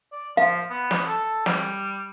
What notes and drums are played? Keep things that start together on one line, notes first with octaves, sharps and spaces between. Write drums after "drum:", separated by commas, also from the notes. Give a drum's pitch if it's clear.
D5
F3 F5
B3
drum: snare
A4
G3, drum: snare